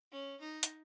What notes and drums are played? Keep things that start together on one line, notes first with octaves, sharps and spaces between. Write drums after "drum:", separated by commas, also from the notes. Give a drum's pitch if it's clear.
C#4
D#4
drum: hi-hat